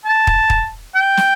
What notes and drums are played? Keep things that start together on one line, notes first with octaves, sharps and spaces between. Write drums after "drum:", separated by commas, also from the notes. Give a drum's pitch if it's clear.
A5
drum: kick
drum: kick
G5
drum: snare